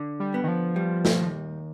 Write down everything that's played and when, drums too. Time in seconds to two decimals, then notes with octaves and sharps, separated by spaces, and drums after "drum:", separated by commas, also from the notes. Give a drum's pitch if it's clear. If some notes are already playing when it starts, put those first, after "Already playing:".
Already playing: D3
0.20 G3
0.34 B3
0.44 D#3
0.48 F3
0.76 G3
1.05 drum: snare
1.19 D#2